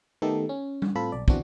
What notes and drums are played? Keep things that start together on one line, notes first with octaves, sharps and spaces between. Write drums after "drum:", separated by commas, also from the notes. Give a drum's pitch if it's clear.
D#3 A3 B3 D#4 G4 A4
C#4
drum: tom G3
A2 C4 F4 A4 A5 B5
B1 D5
E3 B3 C4 D4 F#4, drum: kick